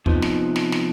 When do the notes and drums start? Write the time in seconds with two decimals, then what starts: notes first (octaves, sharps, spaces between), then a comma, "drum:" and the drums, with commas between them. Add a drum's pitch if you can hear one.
0.06 C3 F3 B3 D#4, drum: kick
0.22 drum: snare
0.56 drum: snare
0.72 drum: snare